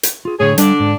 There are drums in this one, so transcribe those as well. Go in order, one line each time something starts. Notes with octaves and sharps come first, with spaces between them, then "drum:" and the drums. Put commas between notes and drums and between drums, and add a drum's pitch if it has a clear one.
drum: hi-hat
F4 G#4
A2 D3 G#4 C#5
D3 G3 D4, drum: hi-hat
G#2